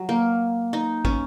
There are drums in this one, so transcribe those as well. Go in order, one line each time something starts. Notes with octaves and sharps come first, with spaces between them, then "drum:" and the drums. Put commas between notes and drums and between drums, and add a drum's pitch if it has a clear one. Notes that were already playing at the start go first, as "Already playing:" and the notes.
Already playing: F#3
A#3
D#4
C#4, drum: kick